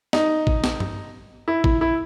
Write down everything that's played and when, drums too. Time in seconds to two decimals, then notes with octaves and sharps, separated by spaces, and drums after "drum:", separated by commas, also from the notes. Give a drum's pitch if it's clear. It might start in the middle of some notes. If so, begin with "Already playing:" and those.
0.13 D#4, drum: snare
0.47 drum: kick G#1
0.64 drum: snare
0.80 drum: tom G2
1.48 E4
1.64 E4, drum: kick G#1
1.81 E4